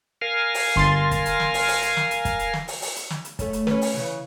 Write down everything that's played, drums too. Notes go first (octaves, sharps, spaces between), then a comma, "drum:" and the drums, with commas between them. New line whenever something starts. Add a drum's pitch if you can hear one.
A#4 F5 G#5
drum: open hi-hat
G1 C6 A6
drum: kick, hi-hat
drum: hi-hat
drum: snare
drum: open hi-hat
drum: open hi-hat
drum: hi-hat
drum: snare
drum: hi-hat
drum: kick, hi-hat
drum: hi-hat
drum: snare
drum: open hi-hat
drum: open hi-hat
drum: hi-hat
drum: snare
drum: hi-hat
A3 C#4, drum: kick, hi-hat
drum: hi-hat
C#4 B4, drum: snare
drum: open hi-hat
C#3 E3